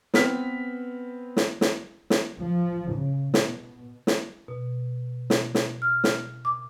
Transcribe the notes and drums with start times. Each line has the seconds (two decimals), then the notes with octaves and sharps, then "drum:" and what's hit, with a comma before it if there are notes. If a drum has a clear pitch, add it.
0.14 B3 C4 B4 F6 B6, drum: snare
1.37 drum: snare
1.61 drum: snare
2.10 drum: snare
2.37 F3
2.91 C#3
3.34 B2, drum: snare
4.07 drum: snare
4.48 B2
5.30 drum: snare
5.55 drum: snare
5.82 F6
6.04 drum: snare
6.45 D6